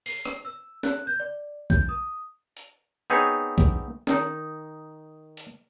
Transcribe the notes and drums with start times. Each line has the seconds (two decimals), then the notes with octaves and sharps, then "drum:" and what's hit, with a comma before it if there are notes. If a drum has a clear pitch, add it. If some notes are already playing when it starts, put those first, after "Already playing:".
0.06 C7, drum: open hi-hat
0.25 drum: rim click
0.45 E6
0.83 F#6, drum: snare
1.07 G6
1.20 D5
1.70 G6, drum: kick B1
1.89 D#6
2.57 drum: hi-hat
3.10 B3 C4 D#4 G#4 C#5
3.58 drum: kick B1
4.07 D#3 D#4, drum: snare
5.37 drum: hi-hat